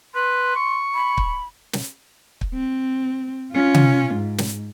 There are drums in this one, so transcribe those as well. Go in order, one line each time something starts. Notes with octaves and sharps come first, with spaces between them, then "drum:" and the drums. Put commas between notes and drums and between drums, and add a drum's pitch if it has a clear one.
B4 C6
C#6
B5
drum: kick
drum: snare
drum: kick
C4
C#4 F4
drum: tom C3
G#2
drum: snare